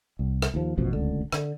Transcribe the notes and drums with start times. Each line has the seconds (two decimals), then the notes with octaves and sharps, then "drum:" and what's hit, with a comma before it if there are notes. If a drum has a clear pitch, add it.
0.19 C2
0.42 drum: rim click
0.54 D#2 F3
0.77 A1 F#2 B2 F3
0.93 D1 C#2 D3
1.33 D3, drum: rim click